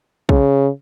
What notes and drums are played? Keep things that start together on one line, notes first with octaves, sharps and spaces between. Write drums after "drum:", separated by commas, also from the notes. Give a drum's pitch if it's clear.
C#3, drum: kick A#1